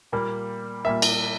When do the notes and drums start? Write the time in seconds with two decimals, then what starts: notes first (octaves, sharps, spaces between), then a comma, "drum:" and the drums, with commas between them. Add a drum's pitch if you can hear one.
0.12 A#2 G3 A#3
0.85 A#2 G3 A#3 E5
1.02 drum: cymbal